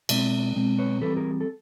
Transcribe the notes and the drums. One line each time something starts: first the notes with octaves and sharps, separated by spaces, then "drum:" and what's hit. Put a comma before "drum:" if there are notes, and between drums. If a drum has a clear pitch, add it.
B2 G#3 C4 D5 E5, drum: cymbal
B2 G#3 C4
B4 C#5
E3 G3 C4 A4 B4
G#4 A#4
A4